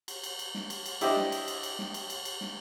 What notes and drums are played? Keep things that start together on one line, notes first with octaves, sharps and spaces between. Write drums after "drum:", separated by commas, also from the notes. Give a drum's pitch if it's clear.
drum: cymbal
drum: cymbal
drum: cymbal
drum: snare
drum: cymbal
drum: cymbal
D4 E4 G4 C5 D#5, drum: cymbal
drum: snare
drum: cymbal
drum: cymbal
drum: cymbal
drum: snare
drum: cymbal
drum: cymbal
drum: cymbal
drum: snare